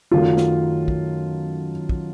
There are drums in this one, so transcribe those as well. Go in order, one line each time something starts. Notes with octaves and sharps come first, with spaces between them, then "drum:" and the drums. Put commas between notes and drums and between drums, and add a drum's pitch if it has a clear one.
F#2 D#3 F#3 A3 F4
drum: snare
drum: kick
drum: kick